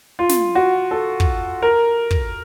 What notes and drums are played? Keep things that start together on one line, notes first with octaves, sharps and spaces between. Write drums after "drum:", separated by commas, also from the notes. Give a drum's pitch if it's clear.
F4
drum: snare
F#4
A4
drum: kick
A#4
drum: kick